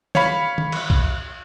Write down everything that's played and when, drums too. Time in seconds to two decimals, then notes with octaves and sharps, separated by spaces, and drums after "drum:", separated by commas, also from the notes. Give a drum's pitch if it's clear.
0.15 C#5 F5 B5, drum: snare
0.58 drum: tom
0.72 drum: cymbal
0.90 drum: kick